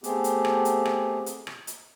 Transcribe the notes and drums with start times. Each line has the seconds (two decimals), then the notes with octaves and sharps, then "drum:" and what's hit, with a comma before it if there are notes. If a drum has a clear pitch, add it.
0.04 A3 B3 C4 G4 G#4, drum: hi-hat
0.24 drum: hi-hat
0.45 drum: rim click
0.65 drum: hi-hat
0.85 drum: rim click
1.26 drum: hi-hat
1.47 drum: rim click
1.67 drum: hi-hat